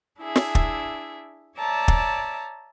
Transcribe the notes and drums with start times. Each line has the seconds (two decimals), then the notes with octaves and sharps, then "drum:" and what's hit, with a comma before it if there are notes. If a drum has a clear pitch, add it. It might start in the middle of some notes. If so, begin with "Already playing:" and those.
0.20 D4 E4 G#4 E5
0.36 drum: snare
0.55 drum: kick
1.59 C#5 D5 E5 A5 A#5
1.88 drum: kick